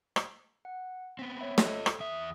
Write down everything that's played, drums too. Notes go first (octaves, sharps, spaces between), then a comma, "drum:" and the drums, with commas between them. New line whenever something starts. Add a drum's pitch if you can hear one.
drum: rim click
F#5
B3 C4 B6
C#5 E5 B5
F4 A4 D#5, drum: snare
drum: rim click
E2 E5 D#6